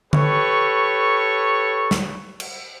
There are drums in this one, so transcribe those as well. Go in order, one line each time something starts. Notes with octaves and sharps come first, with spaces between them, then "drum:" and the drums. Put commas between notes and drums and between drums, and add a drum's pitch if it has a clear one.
G4 A4 B4 C#5 C#6, drum: tom D3
drum: snare
drum: cymbal